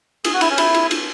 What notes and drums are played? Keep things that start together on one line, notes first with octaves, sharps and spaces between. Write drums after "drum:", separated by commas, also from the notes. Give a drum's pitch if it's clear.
G#4, drum: cymbal
F#4
E4, drum: cymbal
C#4
E4, drum: cymbal
drum: cymbal
drum: cymbal